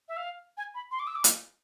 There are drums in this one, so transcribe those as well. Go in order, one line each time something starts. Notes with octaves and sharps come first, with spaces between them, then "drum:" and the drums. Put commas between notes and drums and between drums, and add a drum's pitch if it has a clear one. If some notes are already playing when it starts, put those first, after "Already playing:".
E5
F5
G#5
B5
C6
D6
E6
D6
F5, drum: hi-hat